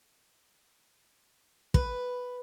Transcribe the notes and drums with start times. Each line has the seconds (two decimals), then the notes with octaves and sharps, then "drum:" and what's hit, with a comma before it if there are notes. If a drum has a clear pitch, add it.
1.74 B4, drum: kick